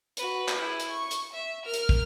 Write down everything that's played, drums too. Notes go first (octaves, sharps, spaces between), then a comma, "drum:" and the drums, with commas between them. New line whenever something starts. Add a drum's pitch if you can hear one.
F#4 B4, drum: hi-hat
drum: clap
E4 G#4
drum: hi-hat
C#6
drum: hi-hat
E5
A#4 F6
drum: hi-hat
drum: kick